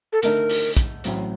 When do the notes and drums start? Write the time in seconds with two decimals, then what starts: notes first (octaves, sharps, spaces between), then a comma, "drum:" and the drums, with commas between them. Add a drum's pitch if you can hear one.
0.13 A4
0.22 D3 A3 D#4 A#4, drum: hi-hat
0.49 drum: open hi-hat
0.77 drum: kick, hi-hat
1.04 A1 A2 F#3 C4, drum: hi-hat